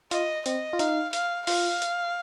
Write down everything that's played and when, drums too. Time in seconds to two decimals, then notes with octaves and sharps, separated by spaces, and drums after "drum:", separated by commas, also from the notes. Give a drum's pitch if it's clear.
0.11 F4 D#5, drum: hi-hat
0.46 C4 D#5, drum: hi-hat
0.73 F4
0.79 D#4 F5, drum: hi-hat
1.13 F5, drum: hi-hat
1.47 F4 F5, drum: open hi-hat
1.82 drum: hi-hat